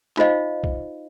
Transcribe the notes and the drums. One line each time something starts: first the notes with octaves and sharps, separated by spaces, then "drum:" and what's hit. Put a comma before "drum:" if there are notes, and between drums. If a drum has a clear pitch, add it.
D#4 F4 C5 D#5 F5, drum: clap
drum: kick